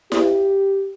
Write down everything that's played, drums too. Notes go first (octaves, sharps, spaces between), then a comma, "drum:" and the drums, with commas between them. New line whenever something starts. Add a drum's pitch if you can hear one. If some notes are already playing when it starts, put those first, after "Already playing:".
G4, drum: snare E4